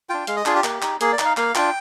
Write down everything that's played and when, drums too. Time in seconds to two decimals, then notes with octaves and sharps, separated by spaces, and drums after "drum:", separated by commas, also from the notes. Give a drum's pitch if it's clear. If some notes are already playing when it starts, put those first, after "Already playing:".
0.09 D4 F4 G5
0.27 G#3 F5, drum: hi-hat
0.36 D#5
0.46 D4 F4 G#4, drum: clap
0.55 G4
0.64 A#3, drum: clap
0.82 D#4, drum: clap
1.01 A#3 G#4, drum: hi-hat
1.13 D5
1.19 D#4, drum: clap
1.25 F5
1.37 A#3 F5, drum: clap
1.55 D4 F4 G5, drum: clap